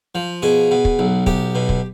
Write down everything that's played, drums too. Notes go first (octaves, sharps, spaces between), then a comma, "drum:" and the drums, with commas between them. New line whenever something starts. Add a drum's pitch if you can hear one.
F3
B2 G#4
B2
drum: kick
B1
B1 G4, drum: kick
B2
drum: kick